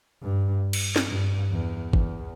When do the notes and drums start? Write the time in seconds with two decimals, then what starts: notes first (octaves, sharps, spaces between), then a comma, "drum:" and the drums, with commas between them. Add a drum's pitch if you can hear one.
0.23 G2
0.73 drum: cymbal
0.96 drum: snare
1.08 G2
1.50 E2
1.93 E2, drum: kick